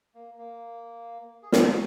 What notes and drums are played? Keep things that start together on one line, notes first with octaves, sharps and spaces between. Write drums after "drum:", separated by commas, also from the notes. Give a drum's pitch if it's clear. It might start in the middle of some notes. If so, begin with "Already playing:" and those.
A#3
A#3
G#4
F#4, drum: snare